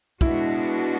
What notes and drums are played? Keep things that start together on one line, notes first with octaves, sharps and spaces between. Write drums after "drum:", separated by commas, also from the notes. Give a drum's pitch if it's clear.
B2 G#3 D4 E4 F#4, drum: kick